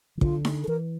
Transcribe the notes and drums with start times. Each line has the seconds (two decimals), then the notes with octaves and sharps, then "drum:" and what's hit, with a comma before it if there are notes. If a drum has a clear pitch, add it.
0.17 D#3
0.21 D3 F4, drum: kick
0.45 drum: snare D#4
0.64 A4
0.68 E3 A#4